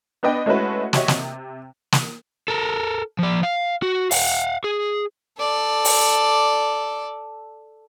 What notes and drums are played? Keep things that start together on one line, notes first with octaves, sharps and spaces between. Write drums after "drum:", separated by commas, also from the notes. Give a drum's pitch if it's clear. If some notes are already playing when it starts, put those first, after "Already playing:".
B3 D4 B4 D#5 G5
G#3 A3 C#4 E4 F#4 B4
F#4 G4 C#5 D#5 E5, drum: snare
C3, drum: snare
drum: snare
A4 A#4
F3 D5
F5
F#4
F5 F#5, drum: open hi-hat
G#4
A4 D5
drum: open hi-hat